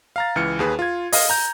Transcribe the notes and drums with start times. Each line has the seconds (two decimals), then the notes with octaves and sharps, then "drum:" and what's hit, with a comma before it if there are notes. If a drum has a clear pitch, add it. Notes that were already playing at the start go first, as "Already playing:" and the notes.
0.16 F5 A#5 A6
0.36 C#2 E3 F6 C#7
0.59 D#2 G#4 B4
0.79 F4 G#6
1.13 D#5 F5, drum: open hi-hat
1.30 A#5 G6